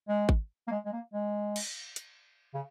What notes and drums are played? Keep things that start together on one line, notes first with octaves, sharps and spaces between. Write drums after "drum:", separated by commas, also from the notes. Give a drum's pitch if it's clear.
G#3
drum: kick G#1
A#3
G#3
G#3
A#3
G#3
drum: cymbal
drum: hi-hat
C#3